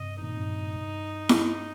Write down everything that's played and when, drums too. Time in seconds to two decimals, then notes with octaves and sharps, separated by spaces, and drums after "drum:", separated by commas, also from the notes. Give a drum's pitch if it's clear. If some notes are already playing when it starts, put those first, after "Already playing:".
Already playing: G2 C3 D#5
0.22 A#2 D#3 D#4
0.35 G2 C3
0.49 G2 C3
0.63 A#2
0.75 G2
1.29 drum: snare E4